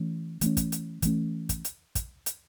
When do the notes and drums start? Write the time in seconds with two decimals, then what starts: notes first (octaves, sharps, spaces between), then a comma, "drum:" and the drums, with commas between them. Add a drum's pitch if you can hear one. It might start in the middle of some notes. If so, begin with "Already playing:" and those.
Already playing: E3 A3 C#4
0.41 E3 A3 C#4, drum: hi-hat
0.57 drum: kick, hi-hat
0.72 drum: hi-hat
1.02 E3 A3 C#4, drum: kick, hi-hat
1.49 drum: kick, hi-hat
1.65 drum: hi-hat
1.95 drum: kick, hi-hat
2.26 drum: hi-hat